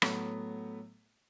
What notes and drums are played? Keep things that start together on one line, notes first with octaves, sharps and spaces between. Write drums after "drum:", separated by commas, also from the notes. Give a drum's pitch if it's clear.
A2 F#3 A3 B3, drum: rim click